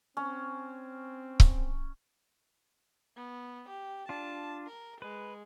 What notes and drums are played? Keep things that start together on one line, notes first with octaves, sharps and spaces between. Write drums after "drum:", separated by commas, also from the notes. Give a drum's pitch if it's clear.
C4 C#4
drum: kick C#1
B3
G4
D4 F4 A5
A#4
G#3 B4